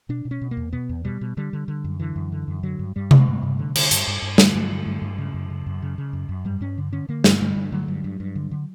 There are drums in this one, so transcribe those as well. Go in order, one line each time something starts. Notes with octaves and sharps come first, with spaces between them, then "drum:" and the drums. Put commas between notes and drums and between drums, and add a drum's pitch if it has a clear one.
B2 D4
B2
C#4
B2
A#3
E2
B2 B3
E2
B2 G3
B2
D3 G3
D3
D3
F#2
D3 E3
F#2
D3
F#2
D3 F#3
G2
G2 G3
D3, drum: tom C3
G2
G2
D3
D3, drum: cymbal
G2, drum: hi-hat
G2
G2
D3, drum: snare
G2 F#3
D3
G2
G2
C#3
F#2
C#3
F#2
C#3
C#3
F#2
F#2
G2 G3
G2 C#4
D3
D3 C#4
D3 A#3
G2, drum: snare
D3 G3
G2
D3 F#3
G2
G2
G2
D3
D3